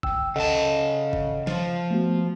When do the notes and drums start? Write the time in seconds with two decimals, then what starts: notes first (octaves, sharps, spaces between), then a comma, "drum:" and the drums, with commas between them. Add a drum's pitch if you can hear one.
0.03 C#2 G5 E6, drum: kick
0.36 C#3 A4 D#5 F#5 A5
1.13 drum: kick
1.47 F3, drum: snare
1.91 A3 B3 F#4